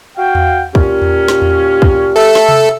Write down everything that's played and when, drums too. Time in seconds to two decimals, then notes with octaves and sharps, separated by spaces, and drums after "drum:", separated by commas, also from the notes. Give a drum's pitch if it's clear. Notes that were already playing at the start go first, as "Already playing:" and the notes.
0.17 F#4 F5 G5
0.35 drum: tom E2
0.75 A#2 C#4 G4, drum: kick
1.02 drum: tom E2
1.28 drum: snare
1.42 drum: tom E2
1.82 drum: kick
2.16 A4 E5
2.35 drum: snare
2.49 drum: tom C3